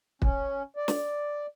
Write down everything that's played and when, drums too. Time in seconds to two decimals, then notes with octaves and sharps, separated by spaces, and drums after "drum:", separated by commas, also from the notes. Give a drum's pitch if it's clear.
0.22 C#4, drum: kick
0.76 D5
0.88 drum: snare